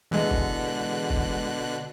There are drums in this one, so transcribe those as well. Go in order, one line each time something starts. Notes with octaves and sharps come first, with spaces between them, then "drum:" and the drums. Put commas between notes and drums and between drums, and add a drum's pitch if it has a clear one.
B2 D3 E3 G#3 F#6
drum: kick F#1
drum: kick F#1